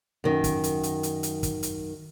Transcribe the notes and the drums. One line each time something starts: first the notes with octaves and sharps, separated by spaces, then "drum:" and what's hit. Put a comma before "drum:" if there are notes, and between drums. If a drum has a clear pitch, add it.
F#2 D#3
drum: kick, hi-hat
drum: hi-hat
drum: hi-hat
drum: hi-hat
drum: hi-hat
drum: kick, hi-hat
drum: hi-hat